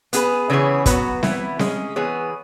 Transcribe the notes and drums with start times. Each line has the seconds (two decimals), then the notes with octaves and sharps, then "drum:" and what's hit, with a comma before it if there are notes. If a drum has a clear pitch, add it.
0.13 B3 G#4 B4, drum: hi-hat
0.50 C#3 E3 B3 G#4 C#5
0.86 F#3 B3 F#4 B4, drum: kick, hi-hat
1.23 E3 B3 E4, drum: snare C4
1.59 G#3 C#4 G#4, drum: snare C4
1.96 E3 B3 G#4 C#5